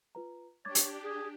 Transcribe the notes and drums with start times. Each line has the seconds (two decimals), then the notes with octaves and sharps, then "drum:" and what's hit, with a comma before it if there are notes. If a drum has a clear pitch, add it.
0.15 F4 B4 A#5
0.65 D4 G4 C#5 D6 G#6 A6
0.75 drum: hi-hat
1.02 G#4